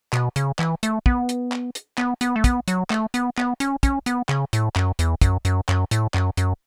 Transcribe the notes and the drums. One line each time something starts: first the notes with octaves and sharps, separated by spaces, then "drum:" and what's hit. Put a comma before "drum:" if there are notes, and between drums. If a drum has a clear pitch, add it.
B2, drum: clap
C#3, drum: hi-hat
E3, drum: clap
A3, drum: hi-hat
B3, drum: kick
drum: hi-hat
drum: clap
drum: hi-hat
B3, drum: clap
B3, drum: hi-hat
A3
B3, drum: kick, hi-hat
F#3, drum: hi-hat
A3, drum: clap
B3, drum: hi-hat
B3, drum: clap
C#4, drum: hi-hat
C#4, drum: kick, hi-hat
B3, drum: hi-hat
C#3, drum: clap
A2, drum: hi-hat
F#2, drum: clap
E2, drum: hi-hat
F#2, drum: kick, hi-hat
F#2, drum: hi-hat
F#2, drum: clap
A2, drum: hi-hat
F#2, drum: clap
F#2, drum: hi-hat